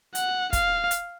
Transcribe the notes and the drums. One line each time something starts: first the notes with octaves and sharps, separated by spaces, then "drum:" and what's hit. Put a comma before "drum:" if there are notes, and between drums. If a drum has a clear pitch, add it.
F#5, drum: hi-hat
F5, drum: kick, hi-hat
drum: hi-hat